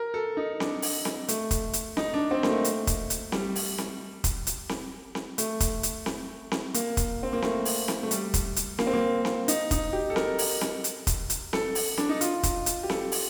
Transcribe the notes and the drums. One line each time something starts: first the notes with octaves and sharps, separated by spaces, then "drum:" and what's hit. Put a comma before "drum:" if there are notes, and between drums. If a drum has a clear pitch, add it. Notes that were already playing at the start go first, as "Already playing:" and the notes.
Already playing: A#4
A4
D#4
D4, drum: snare C4
drum: open hi-hat
drum: snare C4
A3, drum: hi-hat
drum: kick, hi-hat
drum: hi-hat
D#4, drum: snare C4
D4
C4
A#3, drum: snare C4
A3
drum: hi-hat
drum: kick, hi-hat
drum: hi-hat
G3, drum: snare C4
drum: open hi-hat
drum: snare C4
drum: kick, hi-hat
drum: hi-hat
drum: snare C4
drum: snare C4
A3, drum: hi-hat
drum: kick, hi-hat
drum: hi-hat
drum: snare C4
drum: snare C4
A#3, drum: hi-hat
drum: kick, hi-hat
C4
A#3
A3, drum: snare C4
drum: open hi-hat
drum: snare C4
A3
G3, drum: hi-hat
drum: kick, hi-hat
drum: hi-hat
A#3, drum: snare C4
C4
A#3
drum: snare C4
D#4, drum: hi-hat
D#4, drum: kick, hi-hat
G4
A4
A#4, drum: snare C4
drum: open hi-hat
drum: snare C4
drum: hi-hat
drum: kick, hi-hat
drum: hi-hat
A4, drum: snare C4
drum: open hi-hat
D4, drum: snare C4
D#4
F4, drum: hi-hat
drum: kick, hi-hat
drum: hi-hat
G4
A4, drum: snare C4
drum: open hi-hat